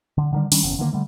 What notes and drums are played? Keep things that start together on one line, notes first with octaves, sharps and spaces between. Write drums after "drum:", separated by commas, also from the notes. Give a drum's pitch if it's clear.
D3
D3 D#3 G3
D#3 G3 C#4 D4, drum: open hi-hat
F#1 E2 C#3
D3 D#3 A3 A#3
D3 G3 A3